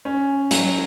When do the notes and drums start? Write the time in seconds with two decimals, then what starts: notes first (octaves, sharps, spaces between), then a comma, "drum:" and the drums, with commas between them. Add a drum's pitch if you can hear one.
0.05 C#4
0.51 F#3, drum: hi-hat